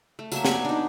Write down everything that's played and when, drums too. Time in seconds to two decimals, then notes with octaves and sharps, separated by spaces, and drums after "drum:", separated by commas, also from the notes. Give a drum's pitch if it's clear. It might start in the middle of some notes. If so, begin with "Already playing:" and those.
0.19 A3
0.32 F#3 A3 A#3 E5, drum: tambourine
0.45 B3 D5 G#5 D6, drum: snare
0.65 D4 D#4